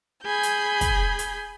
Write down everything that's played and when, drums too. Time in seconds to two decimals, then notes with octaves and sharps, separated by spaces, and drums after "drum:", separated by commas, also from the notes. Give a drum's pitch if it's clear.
0.24 G#4 G#5 B5 G6
0.43 drum: hi-hat
0.81 drum: kick, hi-hat
1.19 drum: hi-hat